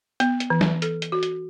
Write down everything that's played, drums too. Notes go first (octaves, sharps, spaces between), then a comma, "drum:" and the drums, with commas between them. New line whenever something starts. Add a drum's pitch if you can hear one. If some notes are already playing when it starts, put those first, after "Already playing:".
B3, drum: hi-hat
drum: hi-hat
E3
drum: snare
A4, drum: hi-hat
drum: hi-hat
F#4
drum: hi-hat